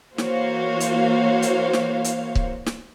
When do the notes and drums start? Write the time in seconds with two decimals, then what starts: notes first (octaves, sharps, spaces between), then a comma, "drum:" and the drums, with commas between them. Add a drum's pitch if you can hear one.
0.18 E3 A#3 F#4 C5 C#5 F5, drum: snare
0.80 drum: hi-hat
1.42 drum: hi-hat
1.73 drum: snare
2.04 drum: hi-hat
2.35 drum: kick C#1
2.66 drum: snare